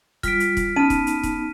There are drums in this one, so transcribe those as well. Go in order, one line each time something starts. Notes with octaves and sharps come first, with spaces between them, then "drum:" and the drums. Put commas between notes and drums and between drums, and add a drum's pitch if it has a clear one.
G3 F4 F6 B6 D7, drum: kick, hi-hat
drum: hi-hat
drum: kick, hi-hat
B3 C#4 D#4 A5 F6 D#7
drum: kick, hi-hat
drum: hi-hat
drum: kick, hi-hat